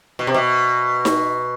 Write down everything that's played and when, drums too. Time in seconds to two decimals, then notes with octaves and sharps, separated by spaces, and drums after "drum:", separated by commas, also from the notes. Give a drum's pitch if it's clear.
0.19 B2
0.27 C3
0.34 B2
1.05 drum: snare D#4